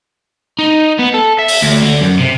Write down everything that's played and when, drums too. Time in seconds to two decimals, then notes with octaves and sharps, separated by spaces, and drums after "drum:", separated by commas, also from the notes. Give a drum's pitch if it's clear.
0.59 D#4
0.99 B3
1.14 A4
1.38 E5
1.48 drum: open hi-hat
1.62 D2
1.82 D3
2.01 F#2
2.20 C3